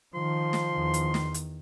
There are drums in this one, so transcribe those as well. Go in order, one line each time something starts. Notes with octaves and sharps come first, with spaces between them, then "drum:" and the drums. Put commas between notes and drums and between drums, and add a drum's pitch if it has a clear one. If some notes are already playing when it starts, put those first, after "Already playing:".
D#3 F3 C6
drum: snare
E2 D#3
drum: hi-hat
drum: snare
drum: hi-hat